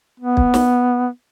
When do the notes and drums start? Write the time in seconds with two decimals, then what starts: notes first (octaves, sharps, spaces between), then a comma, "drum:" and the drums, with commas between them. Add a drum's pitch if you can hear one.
0.20 B3
0.37 drum: kick
0.54 drum: snare